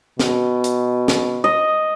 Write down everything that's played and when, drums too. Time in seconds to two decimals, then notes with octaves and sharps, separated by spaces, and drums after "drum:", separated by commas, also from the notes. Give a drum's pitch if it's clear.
0.20 B2, drum: snare
0.64 drum: hi-hat
1.08 drum: snare
1.44 D#5